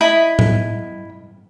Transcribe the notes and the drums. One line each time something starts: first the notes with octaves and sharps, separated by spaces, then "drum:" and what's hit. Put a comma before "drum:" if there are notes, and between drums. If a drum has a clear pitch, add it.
E4 D#5 B5
drum: tom A2